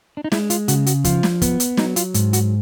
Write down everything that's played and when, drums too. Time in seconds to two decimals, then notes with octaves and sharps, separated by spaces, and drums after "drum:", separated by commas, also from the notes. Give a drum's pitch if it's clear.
0.17 D4
0.24 D#4
0.32 G#3 E4, drum: snare
0.50 F4, drum: hi-hat
0.68 C#3 F#4, drum: hi-hat
0.86 F#4, drum: hi-hat
1.04 F3 F4, drum: kick, hi-hat
1.23 drum: snare
1.42 B3, drum: kick, hi-hat
1.60 drum: hi-hat
1.77 F#3 D#4, drum: snare
1.96 F4, drum: hi-hat
2.14 G#2, drum: hi-hat
2.33 F#4, drum: hi-hat